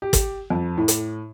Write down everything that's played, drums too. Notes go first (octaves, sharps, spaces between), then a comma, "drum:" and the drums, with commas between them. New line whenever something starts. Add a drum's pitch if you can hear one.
G4
drum: kick, hi-hat
F2
A2
drum: hi-hat